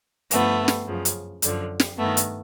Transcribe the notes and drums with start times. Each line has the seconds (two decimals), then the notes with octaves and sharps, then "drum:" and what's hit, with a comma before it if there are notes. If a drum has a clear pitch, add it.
0.31 G2 D3 F3 A3 B3, drum: hi-hat
0.68 drum: snare
0.87 F#2 C#3 F3
1.05 drum: hi-hat
1.42 F#2 D3 F3, drum: hi-hat
1.80 drum: snare
1.98 G2 D#3 A3 B3
2.17 drum: hi-hat